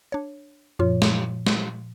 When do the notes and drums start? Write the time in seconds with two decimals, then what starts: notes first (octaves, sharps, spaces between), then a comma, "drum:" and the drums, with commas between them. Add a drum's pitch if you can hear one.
0.12 D4 C#5
0.79 F#2 A#2 F3 F4 C#5
1.02 drum: snare
1.46 drum: snare